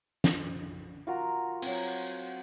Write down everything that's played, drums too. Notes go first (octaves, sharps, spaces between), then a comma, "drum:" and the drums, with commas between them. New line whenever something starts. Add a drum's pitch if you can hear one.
drum: snare
F4 F#4 A#4 A#5
F#3 C4, drum: cymbal